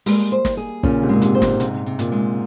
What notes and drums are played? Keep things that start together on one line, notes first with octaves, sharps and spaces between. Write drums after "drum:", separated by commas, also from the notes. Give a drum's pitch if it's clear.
G3 G#3 A#3, drum: open hi-hat
C5
drum: snare
G#4
A#2 C#3 C#4, drum: kick
G#2 C3
A#2 G#3
G#2 C3, drum: hi-hat
C5
G#2 C3, drum: snare
G#2 C3, drum: hi-hat
C3
A#2, drum: hi-hat
G#3